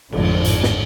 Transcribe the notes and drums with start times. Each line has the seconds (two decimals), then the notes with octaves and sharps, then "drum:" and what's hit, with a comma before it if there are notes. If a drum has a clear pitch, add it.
0.12 G#1 F2 A2 D3 F3, drum: cymbal
0.44 drum: hi-hat
0.63 drum: snare